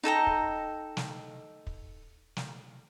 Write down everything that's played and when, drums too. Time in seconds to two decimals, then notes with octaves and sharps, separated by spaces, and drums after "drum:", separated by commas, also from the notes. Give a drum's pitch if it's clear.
0.03 D#4 A4 G5 A#5
0.27 drum: kick
0.97 drum: snare
1.67 drum: kick
2.37 drum: snare